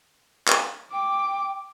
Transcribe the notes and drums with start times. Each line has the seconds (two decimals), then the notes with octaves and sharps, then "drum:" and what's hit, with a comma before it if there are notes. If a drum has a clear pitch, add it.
0.48 drum: clap
0.93 G5 D6